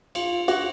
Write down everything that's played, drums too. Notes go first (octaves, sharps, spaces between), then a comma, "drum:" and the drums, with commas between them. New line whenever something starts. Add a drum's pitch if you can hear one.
F4, drum: cymbal
F#4, drum: cymbal